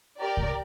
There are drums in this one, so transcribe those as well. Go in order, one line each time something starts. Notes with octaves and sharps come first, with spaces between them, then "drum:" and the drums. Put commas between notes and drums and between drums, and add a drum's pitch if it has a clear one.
G4 A#4 D5
drum: kick C2